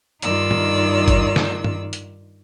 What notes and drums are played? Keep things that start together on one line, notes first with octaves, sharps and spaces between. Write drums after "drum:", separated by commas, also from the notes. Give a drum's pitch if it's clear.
G2 D#3 D#4 F4 D5 E6, drum: hi-hat
drum: tom
drum: kick, hi-hat
drum: snare
drum: tom
drum: hi-hat